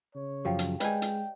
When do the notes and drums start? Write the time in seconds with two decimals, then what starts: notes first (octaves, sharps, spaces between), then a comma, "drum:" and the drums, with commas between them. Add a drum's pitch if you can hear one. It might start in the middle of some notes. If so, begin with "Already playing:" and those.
0.15 C#3 C#5
0.45 F#2 F3 G4 F5 G5
0.59 drum: hi-hat
0.80 G#3 B4 C5 D5 D#5 G5 G#5, drum: hi-hat
1.02 drum: hi-hat